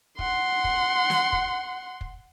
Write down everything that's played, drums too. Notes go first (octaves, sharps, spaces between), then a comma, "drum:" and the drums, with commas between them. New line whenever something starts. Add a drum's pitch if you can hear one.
F#5 C6, drum: kick
drum: kick
drum: snare
drum: kick
drum: kick